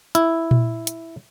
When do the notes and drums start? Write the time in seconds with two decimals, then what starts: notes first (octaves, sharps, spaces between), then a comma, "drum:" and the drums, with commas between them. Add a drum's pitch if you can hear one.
0.15 E4, drum: hi-hat
0.51 drum: tom A#2
0.87 drum: hi-hat